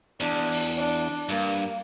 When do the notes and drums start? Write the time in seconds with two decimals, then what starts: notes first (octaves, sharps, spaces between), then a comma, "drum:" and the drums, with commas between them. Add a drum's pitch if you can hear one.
0.20 E2 D4
0.52 drum: open hi-hat
0.78 D4
1.29 G2 A#3